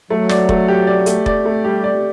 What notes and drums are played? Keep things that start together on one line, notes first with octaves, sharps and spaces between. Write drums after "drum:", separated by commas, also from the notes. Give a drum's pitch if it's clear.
F#3 A3
D5, drum: snare
A3, drum: kick F1
G4
D5
A3, drum: hi-hat
D5, drum: kick F1
A3
G3 G4
D5